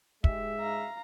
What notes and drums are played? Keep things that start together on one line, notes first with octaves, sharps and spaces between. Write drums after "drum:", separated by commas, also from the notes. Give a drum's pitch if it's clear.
G#2 G#3 G4 E5, drum: kick
F5 A#5